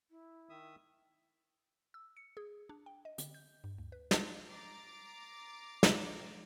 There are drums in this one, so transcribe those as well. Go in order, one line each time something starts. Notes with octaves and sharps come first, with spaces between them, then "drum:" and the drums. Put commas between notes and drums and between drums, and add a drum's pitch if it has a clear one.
E4
D#3 E5 D#6
E6
C#7
G#4
D4
G5
D#5
D3, drum: hi-hat
G6
G2
D2
B4
G#3, drum: snare
A#5 D6 A6 C7
drum: snare